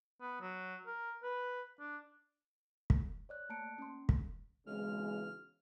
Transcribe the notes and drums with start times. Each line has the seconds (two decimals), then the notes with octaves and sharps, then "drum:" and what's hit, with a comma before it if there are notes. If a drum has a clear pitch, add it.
0.21 B3
0.41 F#3
0.86 A#4
1.23 B4
1.80 D4
2.90 drum: kick
3.29 C#5 D5 F#6
3.49 A3 A#3 A5 A#5 C#7 D7
3.78 C#4 C6
4.09 drum: kick
4.66 B1 C#3 E3 G#3 C4 F6